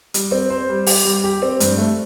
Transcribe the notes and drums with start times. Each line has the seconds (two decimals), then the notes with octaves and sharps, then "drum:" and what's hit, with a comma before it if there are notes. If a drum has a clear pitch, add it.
0.14 G3, drum: hi-hat
0.32 C4
0.50 C5
0.69 G3
0.87 G4, drum: open hi-hat
1.05 G3
1.24 G4
1.42 C4
1.60 G2, drum: hi-hat
1.78 A3